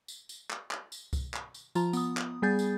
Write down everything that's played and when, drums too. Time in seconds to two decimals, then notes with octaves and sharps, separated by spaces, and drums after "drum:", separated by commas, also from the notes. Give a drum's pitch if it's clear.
0.08 drum: tambourine
0.29 drum: tambourine
0.50 drum: clap
0.71 drum: clap
0.92 drum: tambourine
1.13 drum: kick C2, tambourine
1.34 drum: clap
1.54 drum: tambourine
1.75 F3 F4 A#5, drum: tambourine
1.93 B3 D#6, drum: tambourine
2.17 drum: clap
2.42 G3 B3 G#4 G#5 G6 A6
2.59 drum: tambourine